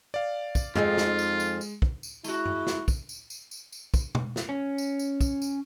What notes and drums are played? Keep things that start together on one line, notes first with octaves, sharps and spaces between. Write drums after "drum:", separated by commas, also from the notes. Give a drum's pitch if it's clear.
D5 F5
drum: kick, tambourine
F2 G#3 D#4 F4 G#4, drum: tom G2
drum: snare
drum: tambourine
drum: tambourine
drum: tambourine
drum: kick
drum: tambourine
G#3 E4 F#4, drum: tambourine
drum: tom G2
drum: snare
drum: kick, tambourine
drum: tambourine
drum: tambourine
drum: tambourine
drum: tambourine
drum: kick, tambourine
drum: tom
drum: snare
C#4
drum: tambourine
drum: tambourine
drum: kick, tambourine
drum: tambourine